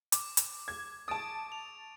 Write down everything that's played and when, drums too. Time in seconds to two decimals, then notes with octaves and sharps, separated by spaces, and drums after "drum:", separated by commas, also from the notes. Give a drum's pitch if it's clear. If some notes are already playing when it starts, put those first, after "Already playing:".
0.12 D6, drum: hi-hat
0.37 drum: hi-hat
0.68 G#6
1.08 A5 C#6 D#6 A6 D7
1.52 F7